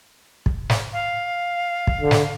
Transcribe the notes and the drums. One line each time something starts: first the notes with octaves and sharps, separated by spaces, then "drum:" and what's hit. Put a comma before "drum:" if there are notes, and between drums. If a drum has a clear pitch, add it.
drum: kick
drum: snare
F5
drum: kick
D3
drum: snare